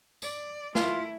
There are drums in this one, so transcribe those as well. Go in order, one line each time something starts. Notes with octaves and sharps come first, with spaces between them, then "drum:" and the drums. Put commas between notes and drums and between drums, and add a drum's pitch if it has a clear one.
D5, drum: tambourine
A3 E4 F4, drum: snare